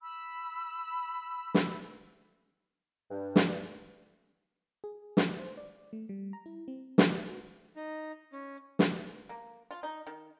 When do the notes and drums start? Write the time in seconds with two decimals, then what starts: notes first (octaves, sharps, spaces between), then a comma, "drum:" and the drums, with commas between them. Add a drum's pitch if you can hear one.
0.02 B5 E6
1.54 drum: snare
3.11 G2
3.36 drum: snare
4.84 G#4
5.17 drum: snare
5.39 C5
5.57 D5
5.93 A3
6.09 G3
6.33 A#5
6.46 E4
6.68 C4
6.98 drum: snare
7.12 G4
7.29 F#4
7.76 D#4
8.33 C#4
8.79 drum: snare
9.29 A#3
9.71 F4
9.83 D#4
10.07 D#3